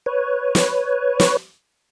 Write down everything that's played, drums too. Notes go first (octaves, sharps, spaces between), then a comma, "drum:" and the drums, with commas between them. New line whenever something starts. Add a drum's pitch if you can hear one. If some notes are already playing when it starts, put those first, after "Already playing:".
B4 C#5
drum: snare
drum: snare